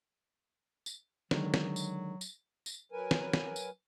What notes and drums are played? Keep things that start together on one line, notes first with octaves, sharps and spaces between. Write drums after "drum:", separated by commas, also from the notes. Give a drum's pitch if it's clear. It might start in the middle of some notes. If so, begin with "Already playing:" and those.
drum: tambourine
D3 D#3 F#3 G#3, drum: snare
drum: snare
drum: tambourine
drum: tambourine
drum: tambourine
F#3 A#4 B4 G#5
drum: snare
drum: snare
drum: tambourine